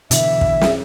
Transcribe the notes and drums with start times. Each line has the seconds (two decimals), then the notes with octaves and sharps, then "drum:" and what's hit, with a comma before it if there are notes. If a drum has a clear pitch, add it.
0.11 B2 D3 E3 E5, drum: hi-hat
0.41 drum: kick
0.61 drum: snare